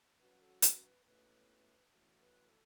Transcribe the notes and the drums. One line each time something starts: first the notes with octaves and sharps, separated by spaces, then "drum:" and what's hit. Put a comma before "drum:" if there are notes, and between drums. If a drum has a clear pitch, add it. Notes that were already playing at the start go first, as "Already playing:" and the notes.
F#3 C#4 F#4 B4
A4
B4, drum: hi-hat
B4
B2 A3 C#4 E4 B4
A2 E3 A3 C#4 F#4
B4
A4